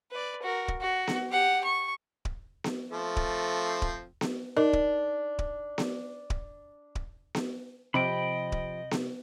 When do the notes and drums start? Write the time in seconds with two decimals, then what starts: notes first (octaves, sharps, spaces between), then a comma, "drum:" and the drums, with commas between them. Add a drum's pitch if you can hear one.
0.11 B4 D5
0.42 F#4 A#4
0.68 drum: kick D1
0.81 F#4
1.07 drum: snare B3
1.30 G4 F#5
1.64 C#6
2.25 drum: kick D1
2.64 drum: snare B3
2.91 F3 A3 C4
3.16 drum: kick D1
3.82 drum: kick D1
4.21 drum: snare B3
4.57 D4 D#4 A#4 D#5
4.73 drum: kick D1
5.39 drum: kick D1
5.78 drum: snare B3
6.30 drum: kick D1
6.95 drum: kick D1
7.35 drum: snare B3
7.94 C3 F3 D#5 G5 B5
8.52 drum: kick D1
8.91 drum: snare B3